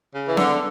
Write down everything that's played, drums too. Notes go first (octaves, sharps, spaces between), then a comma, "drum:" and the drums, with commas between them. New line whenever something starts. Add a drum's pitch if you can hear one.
C#3
E3
D3, drum: snare